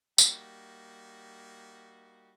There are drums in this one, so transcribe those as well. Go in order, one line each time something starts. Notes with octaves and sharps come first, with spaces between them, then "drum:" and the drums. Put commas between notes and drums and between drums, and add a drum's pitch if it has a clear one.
G3 A#3 D#4 F#4, drum: tambourine